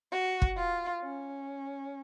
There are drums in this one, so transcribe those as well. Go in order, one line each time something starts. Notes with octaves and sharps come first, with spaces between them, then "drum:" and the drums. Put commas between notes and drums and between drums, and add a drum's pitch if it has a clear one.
F#4
drum: kick
F4
C#4